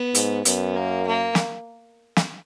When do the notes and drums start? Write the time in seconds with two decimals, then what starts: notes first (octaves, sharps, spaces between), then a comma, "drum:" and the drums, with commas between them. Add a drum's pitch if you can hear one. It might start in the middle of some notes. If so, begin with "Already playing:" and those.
Already playing: B3
0.15 G#2, drum: hi-hat
0.45 F#2 B3, drum: hi-hat
0.76 A#3
1.07 A#3
1.35 drum: snare
2.17 drum: snare